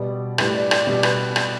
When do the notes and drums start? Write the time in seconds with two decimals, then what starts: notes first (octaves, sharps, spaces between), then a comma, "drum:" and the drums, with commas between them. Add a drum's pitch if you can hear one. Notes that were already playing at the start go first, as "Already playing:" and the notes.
Already playing: B2 G3 D5
0.38 A2 G3 B4, drum: rim click
0.55 D5
0.71 D5, drum: rim click
0.87 B2 G3 D5
1.03 B4, drum: rim click
1.36 drum: rim click